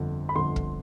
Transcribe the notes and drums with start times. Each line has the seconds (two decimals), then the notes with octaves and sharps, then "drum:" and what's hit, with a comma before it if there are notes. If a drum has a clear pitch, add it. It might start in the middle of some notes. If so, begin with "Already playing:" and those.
Already playing: G1 F2 D3
0.29 B5
0.35 G1 F2 D3 C6
0.56 drum: kick